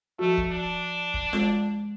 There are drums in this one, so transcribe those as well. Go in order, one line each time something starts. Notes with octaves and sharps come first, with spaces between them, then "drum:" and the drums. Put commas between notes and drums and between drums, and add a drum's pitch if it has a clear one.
F3 A3 F#4
drum: kick
D4
drum: kick
G#3, drum: snare F4